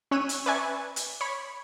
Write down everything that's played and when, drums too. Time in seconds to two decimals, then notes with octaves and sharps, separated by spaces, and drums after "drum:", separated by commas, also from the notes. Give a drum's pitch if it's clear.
0.11 C#4 C#5 E6 F#6 D#7
0.29 drum: hi-hat
0.46 B4 D5 E5 G#5 C#6
0.96 drum: hi-hat
1.21 C#5 B5